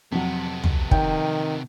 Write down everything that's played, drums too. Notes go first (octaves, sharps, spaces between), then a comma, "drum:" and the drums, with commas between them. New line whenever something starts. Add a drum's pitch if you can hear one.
F2 C3 F#3 B3
drum: tom
D#3 G5, drum: kick